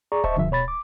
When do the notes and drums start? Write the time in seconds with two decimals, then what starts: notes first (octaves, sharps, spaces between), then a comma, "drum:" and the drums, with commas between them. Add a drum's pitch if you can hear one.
0.12 G#4 D5 A#5 C#6
0.24 C5 D#5 E5 A5 C#6, drum: kick D1
0.36 C2 G2 D3 F3 E5
0.51 B2 C#5 B5 A6
0.68 D6